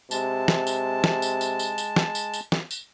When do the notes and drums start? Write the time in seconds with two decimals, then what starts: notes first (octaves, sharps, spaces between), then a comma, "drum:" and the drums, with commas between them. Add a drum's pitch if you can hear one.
0.11 C3 G#3 A5, drum: tambourine
0.48 drum: snare
0.67 drum: tambourine
1.04 drum: snare
1.22 drum: tambourine
1.41 drum: tambourine
1.59 drum: tambourine
1.78 drum: tambourine
1.96 drum: snare
2.15 drum: tambourine
2.34 drum: tambourine
2.52 drum: snare
2.71 drum: tambourine